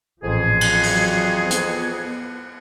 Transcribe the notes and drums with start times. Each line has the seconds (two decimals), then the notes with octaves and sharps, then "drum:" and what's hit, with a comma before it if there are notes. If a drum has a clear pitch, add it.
0.22 A1 F2 A#2 F3 G#4
0.61 drum: cymbal
0.83 E3 F#3, drum: open hi-hat
1.41 B3
1.51 drum: hi-hat